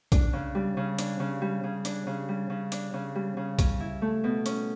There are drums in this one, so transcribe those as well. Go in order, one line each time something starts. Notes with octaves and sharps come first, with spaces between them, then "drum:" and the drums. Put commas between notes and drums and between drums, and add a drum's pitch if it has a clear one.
D4, drum: kick B1, hi-hat
C#3
G3
C#3
D4, drum: hi-hat
C#3
G3
C#3
D4, drum: hi-hat
C#3
G3
C#3
D4, drum: hi-hat
C#3
G3
C#3
C#4, drum: kick B1, hi-hat
E4
A3
B2
C#4, drum: hi-hat